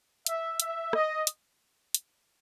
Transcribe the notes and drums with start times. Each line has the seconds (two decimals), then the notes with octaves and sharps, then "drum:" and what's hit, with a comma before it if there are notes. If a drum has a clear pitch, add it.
0.26 E5, drum: hi-hat
0.60 E5, drum: hi-hat
0.93 D#5, drum: rim click
1.27 drum: hi-hat
1.95 drum: hi-hat